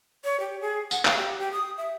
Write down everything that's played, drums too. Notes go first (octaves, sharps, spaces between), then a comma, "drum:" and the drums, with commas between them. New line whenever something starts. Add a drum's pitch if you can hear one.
C#5
G4
G#4
F#5, drum: tambourine
F5, drum: clap
G4
G4
D#6
E5